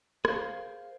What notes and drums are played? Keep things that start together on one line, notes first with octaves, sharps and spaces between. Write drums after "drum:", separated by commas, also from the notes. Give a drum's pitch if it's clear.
G#4 A#4 C5 F5, drum: rim click